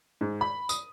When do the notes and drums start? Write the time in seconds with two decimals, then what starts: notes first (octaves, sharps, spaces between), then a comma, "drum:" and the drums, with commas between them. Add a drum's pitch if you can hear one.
0.21 G#2
0.41 B5
0.69 D#6, drum: tambourine